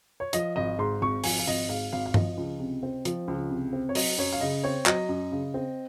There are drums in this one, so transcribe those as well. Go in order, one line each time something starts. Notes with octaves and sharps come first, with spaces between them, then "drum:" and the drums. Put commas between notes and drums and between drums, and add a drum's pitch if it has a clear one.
C#5
F3 D#5, drum: hi-hat
G#1 D#5
G#2 C6
G#1 C#6
F3 G#5, drum: open hi-hat
F5
G#1 D#5
G#2 F5
G#1 F5
F5
F3 D#5, drum: tom G2
C#2
C3
C4
F3, drum: hi-hat
C#2
C3
C4
C#5
F#3 D#5, drum: open hi-hat
F#2 C#5
F5
C#3 D#5
C4 C#5
F#3 D#5, drum: clap
F#2
C#3
C4